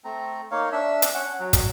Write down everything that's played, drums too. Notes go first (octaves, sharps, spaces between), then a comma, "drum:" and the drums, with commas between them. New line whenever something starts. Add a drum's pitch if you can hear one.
A3 C4 A#5
A#3 D#4 C#5 F5
D4 E5
drum: hi-hat
C#4 F#5
F#3
drum: kick, hi-hat